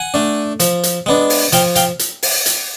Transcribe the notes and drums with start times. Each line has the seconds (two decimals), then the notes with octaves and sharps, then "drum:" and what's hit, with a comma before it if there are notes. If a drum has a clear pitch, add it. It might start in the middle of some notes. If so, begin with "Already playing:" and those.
Already playing: F#5 G#5
0.14 A3 D4
0.60 F3, drum: hi-hat
0.83 drum: hi-hat
1.06 G#3 B3 D4
1.30 drum: open hi-hat
1.52 F3 F5 G5, drum: hi-hat
1.76 F5 G5, drum: hi-hat
1.99 drum: hi-hat
2.23 drum: open hi-hat
2.46 drum: hi-hat